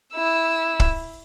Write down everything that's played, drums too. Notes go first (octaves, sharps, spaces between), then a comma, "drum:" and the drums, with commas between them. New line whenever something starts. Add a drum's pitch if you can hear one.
E4 E6
drum: kick